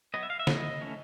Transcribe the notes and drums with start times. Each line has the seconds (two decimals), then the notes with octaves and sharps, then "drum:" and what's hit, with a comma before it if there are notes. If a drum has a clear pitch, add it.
0.14 F#3 B3 D#5
0.23 E5
0.30 F5
0.39 E5
0.47 F#3 B3 D#5, drum: snare
0.81 E3 A3 C#4